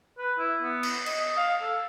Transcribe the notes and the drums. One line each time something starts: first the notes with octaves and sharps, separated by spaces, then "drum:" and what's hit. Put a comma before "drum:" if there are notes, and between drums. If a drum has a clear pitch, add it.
B4
E4
B3
drum: cymbal
D#5, drum: cymbal
F5
A4